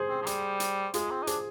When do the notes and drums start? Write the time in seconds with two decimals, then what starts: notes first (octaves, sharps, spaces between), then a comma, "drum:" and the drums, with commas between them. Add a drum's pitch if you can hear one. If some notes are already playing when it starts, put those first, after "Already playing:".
Already playing: G#4 C5
0.08 C4
0.22 F3
0.27 G3, drum: hi-hat
0.60 drum: hi-hat
0.94 G#3 F4 G#4, drum: hi-hat
1.11 C4
1.22 D#4
1.27 D4 G#4 C5, drum: hi-hat